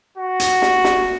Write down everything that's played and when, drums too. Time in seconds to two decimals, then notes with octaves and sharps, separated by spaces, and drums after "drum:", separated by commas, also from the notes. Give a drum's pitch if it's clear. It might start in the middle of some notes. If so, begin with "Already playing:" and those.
0.18 F#4
0.40 drum: hi-hat
0.62 drum: snare
0.84 drum: snare